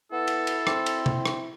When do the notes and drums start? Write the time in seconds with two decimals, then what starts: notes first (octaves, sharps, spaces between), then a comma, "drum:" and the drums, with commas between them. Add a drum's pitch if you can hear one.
0.12 B3 E4 A4
0.27 drum: cymbal
0.47 drum: cymbal
0.67 C4, drum: rim click
0.86 drum: cymbal
1.06 drum: tom
1.26 drum: rim click